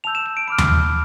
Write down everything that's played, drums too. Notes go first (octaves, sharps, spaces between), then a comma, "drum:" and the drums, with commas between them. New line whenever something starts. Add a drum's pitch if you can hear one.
A5 E6 G6 F7
E7
E7
D7
B5 D6 F6 D7
drum: tom D#2